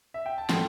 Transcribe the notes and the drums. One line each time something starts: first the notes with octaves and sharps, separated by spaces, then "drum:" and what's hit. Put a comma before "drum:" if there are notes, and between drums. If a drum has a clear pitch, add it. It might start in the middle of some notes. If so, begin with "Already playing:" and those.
E5
G5
A5
A2 A3 G5 C6, drum: snare